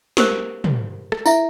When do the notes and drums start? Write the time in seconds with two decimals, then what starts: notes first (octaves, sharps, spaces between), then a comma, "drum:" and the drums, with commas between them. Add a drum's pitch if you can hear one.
0.17 G4 A#4 C5, drum: snare
0.64 drum: tom
1.12 drum: rim click
1.26 E4 E5, drum: tambourine